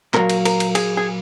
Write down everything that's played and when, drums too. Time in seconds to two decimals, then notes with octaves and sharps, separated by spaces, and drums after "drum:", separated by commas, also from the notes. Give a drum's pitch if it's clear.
0.14 A#2 F#3 A#3 A#4, drum: clap
0.30 drum: cymbal
0.45 A#4, drum: cymbal
0.60 drum: cymbal
0.75 G#4, drum: cymbal
0.97 G#4